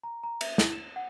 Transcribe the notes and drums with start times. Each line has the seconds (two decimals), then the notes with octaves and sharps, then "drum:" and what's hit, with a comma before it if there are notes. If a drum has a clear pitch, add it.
0.03 A#5
0.23 A#5
0.41 E5, drum: cymbal
0.58 E4, drum: snare
0.72 E7
0.96 F#5